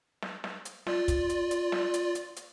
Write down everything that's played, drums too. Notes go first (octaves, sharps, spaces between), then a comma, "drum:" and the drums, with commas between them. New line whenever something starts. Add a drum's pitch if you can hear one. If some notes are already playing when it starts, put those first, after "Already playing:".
drum: snare
drum: snare
drum: hi-hat
F4 D5, drum: snare
drum: kick, hi-hat
drum: hi-hat
drum: hi-hat
drum: snare
drum: hi-hat
drum: hi-hat
drum: hi-hat